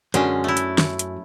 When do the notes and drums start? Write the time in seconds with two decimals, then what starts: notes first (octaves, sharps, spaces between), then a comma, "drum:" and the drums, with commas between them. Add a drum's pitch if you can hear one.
0.14 F#2 D3 G#3 C#4, drum: hi-hat
0.44 A3 E4
0.57 drum: hi-hat
0.78 drum: snare
0.99 drum: hi-hat